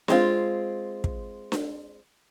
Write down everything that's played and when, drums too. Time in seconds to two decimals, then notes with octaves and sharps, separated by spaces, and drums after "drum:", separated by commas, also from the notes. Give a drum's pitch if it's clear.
0.08 G#3 C4 F4, drum: snare D4
1.04 drum: kick
1.52 drum: snare D4